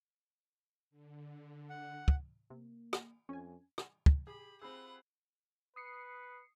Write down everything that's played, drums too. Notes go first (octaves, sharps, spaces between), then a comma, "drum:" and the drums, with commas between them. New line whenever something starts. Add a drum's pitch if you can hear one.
D3
F#5
drum: kick
C3 A#3
drum: rim click
F2 C#4 G#5
drum: rim click
drum: kick
G4 G#4 B5
C4 F4 G#4 B4 F#5 B5 E6
B4 D#6 C7 C#7